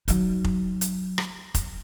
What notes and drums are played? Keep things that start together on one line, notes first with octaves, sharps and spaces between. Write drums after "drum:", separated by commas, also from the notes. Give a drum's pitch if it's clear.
F#3 D#4, drum: hi-hat
drum: kick F1
drum: hi-hat
drum: rim click
drum: kick F1, hi-hat